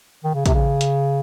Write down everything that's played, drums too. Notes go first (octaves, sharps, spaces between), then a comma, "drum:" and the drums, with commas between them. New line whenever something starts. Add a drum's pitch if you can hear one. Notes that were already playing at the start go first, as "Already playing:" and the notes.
D#3
C#3
C3, drum: kick, hi-hat
C#3
drum: hi-hat